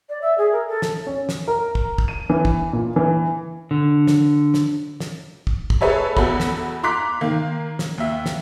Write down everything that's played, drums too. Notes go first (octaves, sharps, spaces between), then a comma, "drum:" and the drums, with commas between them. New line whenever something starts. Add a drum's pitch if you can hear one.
D5
E5
G#4
A#4
A4
drum: snare
C#4
drum: snare
A#4
drum: kick
drum: kick
D#7
E3
drum: kick
A#2
E3
D3
drum: snare
drum: snare
drum: snare
drum: kick
drum: kick
G#4 A4 B4 C#5 E5 A5
E2 F#4 A4 B5, drum: kick
drum: snare
A#5 C6 D6 F#6 B6
D#3 A#3
drum: snare
D#2 E5
drum: snare